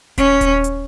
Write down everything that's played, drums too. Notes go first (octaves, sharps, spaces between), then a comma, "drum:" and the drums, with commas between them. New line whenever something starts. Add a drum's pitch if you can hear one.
C#4, drum: kick D#1, hi-hat
drum: kick D#1, hi-hat
drum: hi-hat